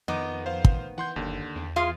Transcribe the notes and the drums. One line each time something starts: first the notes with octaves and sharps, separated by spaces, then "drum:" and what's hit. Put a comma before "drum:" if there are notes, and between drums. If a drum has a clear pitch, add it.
F2 D#3 B3 D#5 D6
C5 F5
drum: kick
E3 F#5 C6 G6
F#1 D#2 D3
E2
F4 G#4 F5